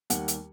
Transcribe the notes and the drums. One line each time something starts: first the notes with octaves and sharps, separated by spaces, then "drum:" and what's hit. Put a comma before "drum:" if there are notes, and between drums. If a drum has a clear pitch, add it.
D#2 D#3 G3 F#5, drum: hi-hat
drum: hi-hat